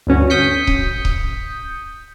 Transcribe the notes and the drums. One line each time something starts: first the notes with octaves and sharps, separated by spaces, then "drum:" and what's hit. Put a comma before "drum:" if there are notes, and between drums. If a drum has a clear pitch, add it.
D2 G2 C#4 F#4
D#6 G6 B6 C#7
drum: kick C#1
drum: kick C#1